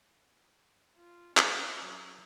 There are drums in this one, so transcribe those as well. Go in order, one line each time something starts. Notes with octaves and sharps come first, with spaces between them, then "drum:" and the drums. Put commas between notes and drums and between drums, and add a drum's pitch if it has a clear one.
F4
C#4, drum: clap
F#3